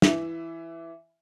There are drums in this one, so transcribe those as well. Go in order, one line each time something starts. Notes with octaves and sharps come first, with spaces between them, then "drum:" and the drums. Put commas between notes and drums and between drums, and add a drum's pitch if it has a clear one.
E3 E5, drum: snare